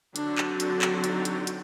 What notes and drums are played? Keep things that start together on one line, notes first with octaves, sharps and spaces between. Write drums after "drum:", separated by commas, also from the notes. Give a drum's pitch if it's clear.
D3 F#3 C4 D4 F#4, drum: hi-hat
drum: clap
D4, drum: hi-hat
drum: clap
D#4, drum: hi-hat
drum: hi-hat
drum: hi-hat